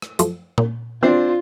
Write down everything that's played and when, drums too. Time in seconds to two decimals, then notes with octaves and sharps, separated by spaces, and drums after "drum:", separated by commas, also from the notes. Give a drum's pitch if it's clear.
0.02 drum: rim click
0.19 F#2 F3 A3, drum: hi-hat
0.58 A#2, drum: tom A#2
1.03 E3 C4 D4 F4 C5